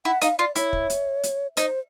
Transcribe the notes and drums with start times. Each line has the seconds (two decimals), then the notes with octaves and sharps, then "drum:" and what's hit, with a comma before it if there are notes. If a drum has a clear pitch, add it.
0.05 E4 F#5
0.22 D#4 F5, drum: hi-hat
0.39 F4 D5
0.56 E4 C#5, drum: hi-hat
0.73 drum: kick
0.90 drum: hi-hat
1.23 drum: hi-hat
1.57 D#4 C5, drum: hi-hat